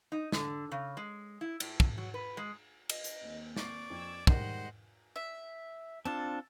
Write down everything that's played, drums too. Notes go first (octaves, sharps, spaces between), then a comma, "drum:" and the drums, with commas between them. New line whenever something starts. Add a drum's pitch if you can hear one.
D#4
D3, drum: snare
C#3
G#3
E4
A2, drum: cymbal
drum: kick
F#3
B4
G#3
D#5, drum: cymbal
drum: hi-hat
D#2 C4
D5 C#6 A6 C7, drum: snare
F2 E6 G#6
D#3 G3 G#3 C5 D#5 F#5 F#6, drum: kick
E5
C4 D4 F4 A4